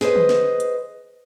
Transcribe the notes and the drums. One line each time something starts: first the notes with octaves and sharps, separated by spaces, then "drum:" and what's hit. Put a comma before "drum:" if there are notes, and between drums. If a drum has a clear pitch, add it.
G#4 B4 C5 D#5, drum: snare
drum: tom
drum: snare
drum: hi-hat